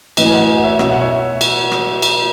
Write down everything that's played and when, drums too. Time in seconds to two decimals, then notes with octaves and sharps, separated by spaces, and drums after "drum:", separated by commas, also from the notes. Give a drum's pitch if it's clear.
0.17 A2 E3 B4 D#5, drum: cymbal
0.26 G#5
0.33 D#5 F#5
0.57 F#5
0.64 C#5 E5
0.79 B2 E5, drum: rim click
0.91 F#5
1.01 C#5 E5
1.41 drum: cymbal
1.72 drum: rim click
2.02 drum: cymbal